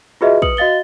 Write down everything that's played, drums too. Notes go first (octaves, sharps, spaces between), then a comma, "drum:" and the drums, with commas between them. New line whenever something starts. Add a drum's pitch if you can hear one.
F4 F#4 G#4 B4 D#5 E5
B4 D#6 C#7 F#7, drum: kick
F#4 D#5 F5 A6 G7